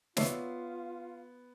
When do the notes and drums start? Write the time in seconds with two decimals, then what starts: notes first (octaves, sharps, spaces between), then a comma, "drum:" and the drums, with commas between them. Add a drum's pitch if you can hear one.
0.17 B3 F4 C#5 D5 E5 C7, drum: snare